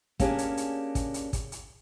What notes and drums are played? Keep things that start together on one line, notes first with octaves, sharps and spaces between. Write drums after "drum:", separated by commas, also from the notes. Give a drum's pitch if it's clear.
A#3 C#4 D4 G4 G#4, drum: kick, hi-hat
drum: hi-hat
drum: hi-hat
drum: kick, hi-hat
drum: hi-hat
drum: kick, hi-hat
drum: hi-hat